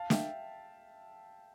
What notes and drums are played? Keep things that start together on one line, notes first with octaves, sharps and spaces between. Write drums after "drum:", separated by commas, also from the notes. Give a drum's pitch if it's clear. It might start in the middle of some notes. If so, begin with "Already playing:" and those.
Already playing: F5 A5
E5 G5, drum: snare